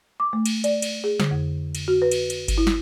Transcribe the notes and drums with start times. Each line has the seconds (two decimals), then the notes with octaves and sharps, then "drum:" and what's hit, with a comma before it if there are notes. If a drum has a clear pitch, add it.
0.20 D6
0.33 A3
0.46 drum: cymbal
0.64 D5, drum: cymbal
0.82 drum: cymbal
1.04 G#4
1.20 D3, drum: snare
1.31 F2
1.75 drum: cymbal
1.88 F#4
2.02 B4
2.12 drum: cymbal
2.30 drum: cymbal
2.48 drum: kick G1, cymbal
2.58 E4
2.67 drum: snare